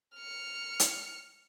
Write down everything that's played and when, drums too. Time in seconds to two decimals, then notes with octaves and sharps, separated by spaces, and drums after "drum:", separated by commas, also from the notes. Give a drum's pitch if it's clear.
0.16 F6 C#7
0.80 drum: hi-hat